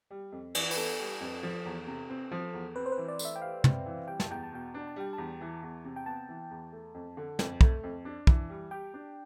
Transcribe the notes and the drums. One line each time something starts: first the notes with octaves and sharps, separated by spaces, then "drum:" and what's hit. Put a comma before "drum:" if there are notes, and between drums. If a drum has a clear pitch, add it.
G3
F2
E3, drum: cymbal
B4, drum: open hi-hat
B3 A4
G3
F2
F3
E2
C3
C4
F3
E2
C4 B4
C5
B4
E3
D5
A3, drum: tambourine
E5
G5
G4 F5
C4, drum: tom
E3
G3 G5
A5, drum: snare
E2 G5
A5
B2 G5
D4
A5
G3 G5
E2 A5
E3
E2
C3
G5
B3 A5
E3
E2
A3
F2
D3
F2, drum: snare
A3, drum: kick
F2
D4
E3, drum: kick
G3
G4 G5
D4